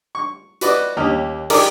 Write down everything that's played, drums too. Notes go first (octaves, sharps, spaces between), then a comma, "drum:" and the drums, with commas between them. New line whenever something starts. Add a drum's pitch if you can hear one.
C#6
F#4 B4 D5 D#5, drum: hi-hat
D#2 A#3 C#4 G4 D#5 F6
D#4 G4 G#4 A#4 D5 D#5, drum: cymbal